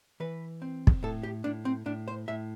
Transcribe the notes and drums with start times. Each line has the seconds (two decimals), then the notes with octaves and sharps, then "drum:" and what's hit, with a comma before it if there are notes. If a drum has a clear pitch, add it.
0.20 E3 B4
0.62 C4
0.87 drum: kick
1.03 A2 A4
1.23 G4
1.44 A2 D4
1.65 C4
1.86 A2 D4
2.08 C5
2.28 A2 E5